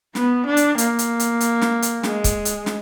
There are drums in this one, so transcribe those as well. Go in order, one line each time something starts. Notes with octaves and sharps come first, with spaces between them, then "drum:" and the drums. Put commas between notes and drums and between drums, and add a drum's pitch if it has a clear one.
B3, drum: snare
D4
drum: hi-hat
A#3, drum: hi-hat
drum: hi-hat
drum: hi-hat
drum: hi-hat
drum: snare
drum: hi-hat
G#3, drum: snare
drum: kick, hi-hat
drum: hi-hat
drum: snare